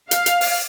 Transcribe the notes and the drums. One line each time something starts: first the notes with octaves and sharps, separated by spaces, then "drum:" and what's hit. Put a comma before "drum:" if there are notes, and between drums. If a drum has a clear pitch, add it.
F5, drum: hi-hat
drum: hi-hat
drum: open hi-hat